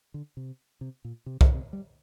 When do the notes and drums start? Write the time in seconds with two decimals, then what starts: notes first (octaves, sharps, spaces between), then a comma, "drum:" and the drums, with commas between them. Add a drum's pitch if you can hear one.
0.14 D3
0.37 C3
0.81 C3
1.05 A#2
1.26 C3
1.41 D3, drum: kick
1.54 C3
1.73 G3